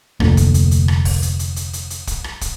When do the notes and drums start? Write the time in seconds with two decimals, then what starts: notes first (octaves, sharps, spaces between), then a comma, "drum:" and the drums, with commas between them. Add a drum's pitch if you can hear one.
0.20 F1 D2 A#2 D3, drum: rim click
0.37 drum: kick, hi-hat
0.54 drum: hi-hat
0.71 drum: hi-hat
0.88 drum: rim click
1.05 drum: kick, open hi-hat
1.22 drum: hi-hat
1.39 drum: hi-hat
1.56 drum: hi-hat
1.73 drum: hi-hat
1.90 drum: hi-hat
2.07 drum: kick, hi-hat
2.24 drum: rim click
2.41 drum: kick, hi-hat